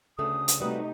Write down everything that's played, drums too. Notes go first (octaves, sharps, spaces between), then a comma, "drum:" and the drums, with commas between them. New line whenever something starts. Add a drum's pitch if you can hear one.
D2 C#3 A3 B3 D#6
drum: hi-hat
C3 G3 A3 D#4 F#4 B4